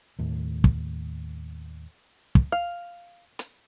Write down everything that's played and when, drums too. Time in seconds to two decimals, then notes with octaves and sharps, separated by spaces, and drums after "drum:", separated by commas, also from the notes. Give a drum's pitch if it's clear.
0.19 D#2 A2
0.64 drum: kick
2.35 drum: kick
2.52 F5
3.39 drum: hi-hat